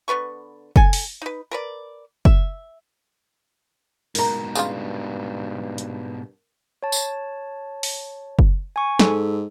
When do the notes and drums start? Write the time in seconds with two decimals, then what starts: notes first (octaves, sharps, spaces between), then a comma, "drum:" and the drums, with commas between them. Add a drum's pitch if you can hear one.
0.08 D3 B3 B4 C#6
0.76 A4 G#5, drum: kick F#1
0.93 drum: open hi-hat
1.22 D#4 B4
1.51 A#4 B4 D5
2.25 E5, drum: kick F#1
4.15 G#2 B2 A#4 A#5, drum: open hi-hat
4.55 G2 C#3 G3 F4, drum: tambourine
5.78 drum: hi-hat
6.83 C#5 A5
6.92 drum: tambourine
7.83 drum: open hi-hat
8.39 drum: kick F#1
8.76 G#5 C#6
8.99 G#2 A4, drum: snare